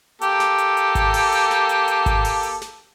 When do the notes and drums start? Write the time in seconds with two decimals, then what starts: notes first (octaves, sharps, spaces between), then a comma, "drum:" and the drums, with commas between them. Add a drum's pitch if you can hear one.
0.21 A#3 G4 A4, drum: hi-hat
0.40 drum: snare
0.58 drum: hi-hat
0.77 drum: hi-hat
0.95 drum: kick G#1, hi-hat
1.14 drum: open hi-hat
1.32 drum: hi-hat
1.51 drum: snare
1.69 drum: hi-hat
1.88 drum: hi-hat
2.06 drum: kick G#1, hi-hat
2.25 drum: open hi-hat
2.43 drum: hi-hat
2.62 drum: snare